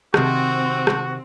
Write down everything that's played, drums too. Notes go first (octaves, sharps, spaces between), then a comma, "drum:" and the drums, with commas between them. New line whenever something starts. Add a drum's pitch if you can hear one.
C3 D#3 C4 F#4, drum: rim click
drum: rim click